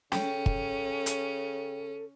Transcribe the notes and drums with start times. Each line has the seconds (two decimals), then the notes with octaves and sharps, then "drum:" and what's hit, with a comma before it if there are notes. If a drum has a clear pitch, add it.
0.12 C#3 C#4 A4 G5, drum: snare
0.46 drum: kick
1.06 drum: hi-hat